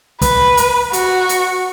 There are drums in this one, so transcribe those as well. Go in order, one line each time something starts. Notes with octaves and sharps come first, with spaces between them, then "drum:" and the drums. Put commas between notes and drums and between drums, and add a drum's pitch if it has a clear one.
B4, drum: kick, hi-hat
drum: hi-hat
F#4, drum: hi-hat
drum: hi-hat